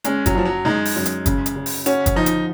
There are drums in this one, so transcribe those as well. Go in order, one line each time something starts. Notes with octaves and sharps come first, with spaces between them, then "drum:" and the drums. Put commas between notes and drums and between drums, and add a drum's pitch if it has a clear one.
G#3 C#4, drum: hi-hat
F#3, drum: kick, hi-hat
F#2 F3
F#3
G#3 D#4, drum: snare
drum: open hi-hat
F#2
drum: hi-hat
C#3, drum: kick, hi-hat
drum: hi-hat
C#3
drum: open hi-hat
C#4 F#4, drum: hi-hat
drum: kick, hi-hat
F3 D#4
drum: hi-hat